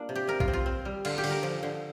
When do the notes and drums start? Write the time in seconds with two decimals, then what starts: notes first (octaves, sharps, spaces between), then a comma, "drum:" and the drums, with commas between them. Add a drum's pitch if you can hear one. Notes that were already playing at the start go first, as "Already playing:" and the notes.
Already playing: A#3 D4 F4
0.09 C3
0.15 G4
0.27 C3 A#4
0.40 F4, drum: kick A#1
0.48 C4
0.53 F4
0.66 C4
0.85 G3
1.05 D3 F4, drum: cymbal
1.18 G4
1.24 D3, drum: open hi-hat
1.30 A#4
1.43 F3
1.63 D3